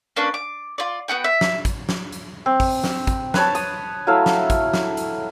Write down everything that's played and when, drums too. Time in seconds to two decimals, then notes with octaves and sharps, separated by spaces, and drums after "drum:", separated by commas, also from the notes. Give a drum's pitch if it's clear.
0.16 A#3 C#4 D4 B4
0.34 D6
0.78 F4 D5
1.08 B3 D#4 F#4 G5
1.24 E5
1.41 drum: snare
1.65 drum: kick, hi-hat
1.89 drum: snare
2.12 drum: hi-hat
2.46 C4
2.60 drum: kick, open hi-hat
2.84 drum: snare
3.07 drum: kick, hi-hat
3.34 B4 C#5 A5, drum: snare
3.55 D#6, drum: hi-hat
4.07 F#3 A3 E4 F5
4.26 drum: snare
4.50 drum: kick, hi-hat
4.74 drum: snare
4.97 drum: hi-hat